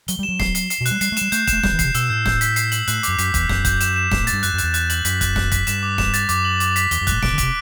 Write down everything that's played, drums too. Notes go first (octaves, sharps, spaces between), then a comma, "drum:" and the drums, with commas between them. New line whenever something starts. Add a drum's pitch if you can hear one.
F#3 G7, drum: hi-hat
G3
E7
F#3
C7, drum: snare
C7, drum: hi-hat
C7, drum: hi-hat
B2
F#6, drum: hi-hat
G3
G3 C7, drum: hi-hat
A3
G3 E7, drum: hi-hat
A3 G6, drum: hi-hat
E7, drum: kick, hi-hat
A3
G3 G6, drum: snare
E3
C3 C7, drum: kick, hi-hat
B2 E6, drum: hi-hat
A2 G6
G6, drum: snare
B6, drum: hi-hat
C7, drum: hi-hat
F#7, drum: hi-hat
A2 F#6, drum: hi-hat
F#2 D6, drum: hi-hat
F#2 B6, drum: hi-hat
E2 B6, drum: kick, hi-hat
F#2 G6, drum: snare
G6, drum: kick, hi-hat
E7, drum: hi-hat
E7
G2 E7, drum: snare
A2
A6, drum: hi-hat
G2
F#2 F#6, drum: hi-hat
F#2
E2 F#6, drum: hi-hat
F#6, drum: hi-hat
F#7, drum: hi-hat
F#2 B6, drum: hi-hat
F#6, drum: kick, hi-hat
F#6, drum: snare
B6, drum: kick, hi-hat
G2 E7, drum: hi-hat
D6
E7, drum: snare
A6, drum: hi-hat
F#2 D6, drum: hi-hat
F#7
D6, drum: hi-hat
B6, drum: hi-hat
E2 G7, drum: hi-hat
F#2
A2 F#6, drum: kick, hi-hat
B2 D7, drum: snare
D3
C3 D7, drum: kick, hi-hat